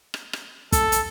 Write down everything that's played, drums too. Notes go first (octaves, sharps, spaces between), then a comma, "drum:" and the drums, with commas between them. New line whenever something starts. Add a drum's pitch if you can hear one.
drum: rim click
drum: rim click
A4, drum: kick, hi-hat
drum: hi-hat